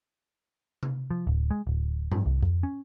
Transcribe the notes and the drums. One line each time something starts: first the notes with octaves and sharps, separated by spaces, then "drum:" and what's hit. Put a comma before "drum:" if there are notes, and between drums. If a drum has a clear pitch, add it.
drum: tom C3
F3
D1
G#3
D1
G2, drum: tom G#2
C2
F2, drum: kick
C#4